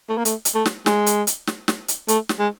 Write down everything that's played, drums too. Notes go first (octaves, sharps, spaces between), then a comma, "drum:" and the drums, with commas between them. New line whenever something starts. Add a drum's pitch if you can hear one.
A3
A#3
A3, drum: hi-hat
drum: hi-hat
A3
drum: snare
G#3, drum: snare
drum: hi-hat
drum: hi-hat
drum: snare
drum: snare
drum: hi-hat
A3, drum: hi-hat
drum: snare
G#3